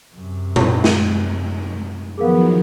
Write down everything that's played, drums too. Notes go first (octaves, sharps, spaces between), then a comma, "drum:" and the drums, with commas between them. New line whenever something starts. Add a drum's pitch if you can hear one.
F#2 C3
drum: tom A#2
drum: snare
D#3 F3 F#3 B3 G#4 A#4 F5